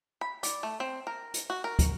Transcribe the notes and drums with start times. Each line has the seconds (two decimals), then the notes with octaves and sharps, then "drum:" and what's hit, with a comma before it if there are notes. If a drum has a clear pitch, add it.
0.21 B5
0.43 D5, drum: hi-hat
0.63 A3
0.80 C4
1.07 A#4
1.34 drum: hi-hat
1.50 F#4
1.64 A#4
1.79 drum: kick, hi-hat